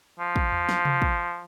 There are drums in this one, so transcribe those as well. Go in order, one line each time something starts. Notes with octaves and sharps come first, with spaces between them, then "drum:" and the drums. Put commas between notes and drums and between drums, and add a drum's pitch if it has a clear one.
F3
drum: kick
drum: tom E2
drum: snare
drum: tom C3
drum: kick